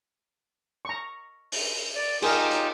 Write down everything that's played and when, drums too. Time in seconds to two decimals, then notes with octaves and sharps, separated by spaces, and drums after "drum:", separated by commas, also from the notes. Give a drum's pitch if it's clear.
0.85 A#5 C#6
1.52 drum: open hi-hat
1.96 D5
2.22 D#4 F4 G4 G#4 A#4, drum: cymbal
2.51 drum: hi-hat